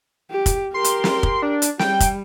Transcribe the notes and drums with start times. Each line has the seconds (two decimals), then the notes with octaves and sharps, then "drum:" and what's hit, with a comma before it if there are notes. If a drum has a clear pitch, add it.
0.31 G4
0.46 drum: kick, hi-hat
0.74 G4 A#4 C6
0.84 drum: hi-hat
1.04 drum: snare
1.23 drum: kick
1.42 D4
1.62 drum: hi-hat
1.79 G3 G5, drum: snare
2.00 drum: kick, hi-hat